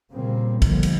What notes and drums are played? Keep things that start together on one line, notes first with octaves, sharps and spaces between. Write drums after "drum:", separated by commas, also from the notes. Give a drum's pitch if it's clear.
A#2 C#3 G3 A#3 C4
B2 D3 D#3 F3 G3 A#3, drum: kick A1, cymbal
drum: cymbal